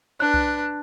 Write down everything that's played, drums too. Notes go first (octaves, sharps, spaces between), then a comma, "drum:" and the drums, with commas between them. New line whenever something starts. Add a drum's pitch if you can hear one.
D4 B4 F#6
drum: kick C2